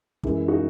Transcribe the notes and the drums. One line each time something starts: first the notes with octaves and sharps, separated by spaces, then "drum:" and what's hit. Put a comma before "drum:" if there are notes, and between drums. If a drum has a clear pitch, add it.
F#2 E3 G#3, drum: kick
D#4 F#4